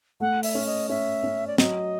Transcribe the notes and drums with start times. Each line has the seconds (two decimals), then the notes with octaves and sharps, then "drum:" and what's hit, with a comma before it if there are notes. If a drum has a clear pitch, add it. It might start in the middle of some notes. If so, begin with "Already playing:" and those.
0.20 A3 F#5
0.43 E5, drum: open hi-hat
0.55 C#4
0.66 D#5
0.89 C#4 E5
1.23 C#4
1.47 D5
1.58 F#3 D#5, drum: snare